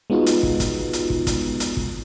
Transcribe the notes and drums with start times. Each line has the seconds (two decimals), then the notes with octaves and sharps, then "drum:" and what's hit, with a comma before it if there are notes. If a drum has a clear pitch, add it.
0.10 G#3 B3 D#4 F4 F#4
0.26 drum: hi-hat
0.43 drum: kick
0.60 drum: kick, hi-hat
0.93 drum: hi-hat
1.10 drum: kick
1.27 drum: kick, hi-hat
1.60 drum: hi-hat
1.77 drum: kick